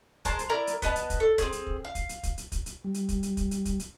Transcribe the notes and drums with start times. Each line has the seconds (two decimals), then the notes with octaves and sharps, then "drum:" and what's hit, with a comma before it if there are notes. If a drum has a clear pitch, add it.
0.25 G#3 A#4 C5 A5, drum: kick, hi-hat
0.39 drum: hi-hat
0.49 E4 A#4 D5 A#5
0.67 drum: hi-hat
0.82 B3 B4 D#5 A5, drum: kick, hi-hat
0.96 drum: hi-hat
1.10 drum: kick, hi-hat
1.20 A4
1.38 C4 G#4, drum: kick, hi-hat
1.52 drum: hi-hat
1.67 drum: kick
1.85 F5
1.95 drum: kick, hi-hat
2.09 drum: hi-hat
2.23 drum: kick, hi-hat
2.38 drum: hi-hat
2.52 drum: kick, hi-hat
2.66 drum: hi-hat
2.84 G3
2.94 drum: hi-hat
3.09 drum: kick, hi-hat
3.23 drum: hi-hat
3.37 drum: kick, hi-hat
3.51 drum: hi-hat
3.65 drum: kick, hi-hat
3.80 drum: hi-hat